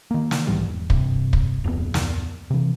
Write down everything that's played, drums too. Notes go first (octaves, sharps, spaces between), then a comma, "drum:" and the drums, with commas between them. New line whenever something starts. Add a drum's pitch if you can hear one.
D#3 A#3
drum: snare
B1 G#2 E3 G3
E1
G2 C3, drum: kick
drum: kick
D1 F2 E3 B3
drum: snare
C3 E3